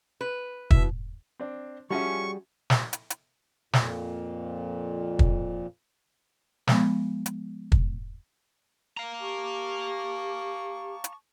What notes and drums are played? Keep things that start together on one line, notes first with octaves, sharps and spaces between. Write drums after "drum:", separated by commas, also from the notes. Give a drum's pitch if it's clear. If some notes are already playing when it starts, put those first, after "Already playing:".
B4
B2 E4 E5, drum: kick
C4 D4
F3 G3 C#4 F#4 G#4 E5 C#6
drum: snare
drum: hi-hat
drum: hi-hat
F2 A#2, drum: snare
drum: kick
F3 G#3 B3, drum: snare
drum: hi-hat
drum: kick
F5 A#5
G4 A5 C#6 D6
drum: hi-hat